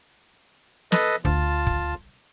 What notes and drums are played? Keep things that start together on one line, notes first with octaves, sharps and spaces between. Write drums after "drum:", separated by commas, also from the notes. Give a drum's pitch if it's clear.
A4 B4 D#5, drum: snare
D2 F4 A5, drum: kick
drum: kick